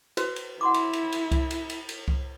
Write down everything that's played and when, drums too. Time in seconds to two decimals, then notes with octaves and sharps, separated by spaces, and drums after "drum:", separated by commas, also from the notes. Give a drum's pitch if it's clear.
0.17 F#4 B4 C5, drum: cymbal
0.36 drum: cymbal
0.61 E4 F#5 C6 D6
0.74 drum: cymbal
0.93 drum: cymbal
1.12 drum: cymbal
1.31 drum: kick C2, cymbal
1.51 drum: cymbal
1.70 drum: cymbal
1.89 drum: cymbal
2.08 drum: kick C2